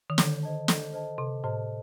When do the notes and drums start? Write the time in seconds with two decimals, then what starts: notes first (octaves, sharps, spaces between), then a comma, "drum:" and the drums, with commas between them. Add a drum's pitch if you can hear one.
0.10 D#3
0.18 D3 A4, drum: snare
0.43 C5 D#5 A5
0.68 A4, drum: snare
0.93 C5 D#5 A5
1.18 C3 A4
1.43 A2 C5 D#5 A5